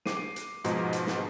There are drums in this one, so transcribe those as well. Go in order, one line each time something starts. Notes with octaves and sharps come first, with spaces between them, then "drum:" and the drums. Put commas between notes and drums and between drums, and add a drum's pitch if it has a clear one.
D6 C7 D#7, drum: snare
drum: hi-hat
G#2 B2 F3 G#3 D#4, drum: hi-hat
drum: hi-hat
drum: snare